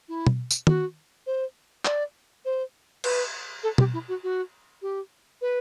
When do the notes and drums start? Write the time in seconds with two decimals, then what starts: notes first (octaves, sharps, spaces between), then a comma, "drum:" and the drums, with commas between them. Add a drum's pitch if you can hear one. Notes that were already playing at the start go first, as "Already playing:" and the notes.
0.08 E4
0.27 drum: tom B2
0.51 drum: tambourine
0.67 F#4, drum: tom D#3
1.26 C5
1.85 D5, drum: clap
2.45 C5
3.04 B4, drum: cymbal
3.63 A4
3.78 G4, drum: tom B2
3.93 E4
4.08 F#4
4.23 F#4
4.81 G4
5.41 B4